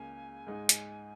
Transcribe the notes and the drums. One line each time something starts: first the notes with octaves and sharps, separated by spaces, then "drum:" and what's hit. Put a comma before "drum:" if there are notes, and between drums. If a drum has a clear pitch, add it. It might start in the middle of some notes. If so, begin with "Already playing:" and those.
Already playing: C#2 C#3 A#3 G#5
G#2 G#3 D#4
drum: hi-hat